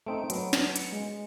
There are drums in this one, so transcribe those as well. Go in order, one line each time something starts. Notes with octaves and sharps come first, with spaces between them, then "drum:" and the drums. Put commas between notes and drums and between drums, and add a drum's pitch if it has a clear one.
A3 C4 D#4 D7
F#3 B3, drum: hi-hat
drum: snare
C#7, drum: hi-hat
G#3